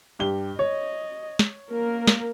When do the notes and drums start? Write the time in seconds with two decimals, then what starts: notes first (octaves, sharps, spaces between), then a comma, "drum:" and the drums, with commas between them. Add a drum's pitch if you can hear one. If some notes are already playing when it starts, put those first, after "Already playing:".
0.19 G2 G4 G7
0.59 C#5 D#5
1.39 drum: snare
1.71 A#3 A#4
2.07 drum: snare